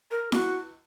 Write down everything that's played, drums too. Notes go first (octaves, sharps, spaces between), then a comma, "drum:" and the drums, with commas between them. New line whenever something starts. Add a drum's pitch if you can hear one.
A#4
F#4, drum: snare E4